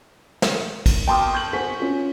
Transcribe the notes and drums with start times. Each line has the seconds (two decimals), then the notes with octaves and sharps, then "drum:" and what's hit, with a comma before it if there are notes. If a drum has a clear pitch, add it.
0.42 drum: snare
0.86 drum: kick, cymbal
1.08 G5 A5 C6 D6 D#6 F6
1.33 C#6 G6 F#7
1.53 C5 F#5 G#5 C#6 B6
1.80 C#4 F4